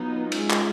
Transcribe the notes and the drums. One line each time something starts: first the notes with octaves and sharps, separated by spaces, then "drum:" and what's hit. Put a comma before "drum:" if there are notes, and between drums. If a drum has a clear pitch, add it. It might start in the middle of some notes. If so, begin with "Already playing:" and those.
Already playing: F#3 B3 D#4 F4
G#3 C#4, drum: cymbal
drum: clap